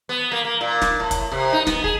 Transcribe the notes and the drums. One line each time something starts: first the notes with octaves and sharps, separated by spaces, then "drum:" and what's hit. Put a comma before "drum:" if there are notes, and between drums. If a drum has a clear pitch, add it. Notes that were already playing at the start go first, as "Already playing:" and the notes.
B3
A#3
A#3
A#2
drum: snare
A2
drum: kick, hi-hat
C3
D#4
B3, drum: snare
G#4, drum: kick